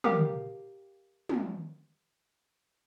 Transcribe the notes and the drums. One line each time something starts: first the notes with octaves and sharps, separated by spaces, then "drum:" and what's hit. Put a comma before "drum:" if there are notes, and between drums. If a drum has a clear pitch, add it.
G4 A#4 F5, drum: tom
drum: tom